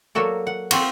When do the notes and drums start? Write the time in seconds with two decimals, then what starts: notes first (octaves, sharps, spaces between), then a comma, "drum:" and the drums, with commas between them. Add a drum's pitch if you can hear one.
0.15 F#3 A#3 F#4 A4 D5
0.47 F#5
0.71 C4 F4 F#4, drum: cymbal